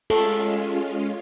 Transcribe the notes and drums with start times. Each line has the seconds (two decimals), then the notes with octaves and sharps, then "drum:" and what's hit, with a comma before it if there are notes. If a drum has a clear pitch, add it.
0.10 G#3 C#4 F4 A4, drum: cymbal